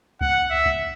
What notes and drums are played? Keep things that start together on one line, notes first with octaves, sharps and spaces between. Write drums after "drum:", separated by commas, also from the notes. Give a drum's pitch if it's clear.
F#5, drum: kick C2
E5
drum: kick C2